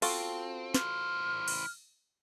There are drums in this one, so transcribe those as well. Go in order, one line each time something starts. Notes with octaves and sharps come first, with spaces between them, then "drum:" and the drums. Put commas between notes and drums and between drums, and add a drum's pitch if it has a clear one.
C4 F4 F#4 A4, drum: open hi-hat
E3 C5 F6, drum: snare
drum: open hi-hat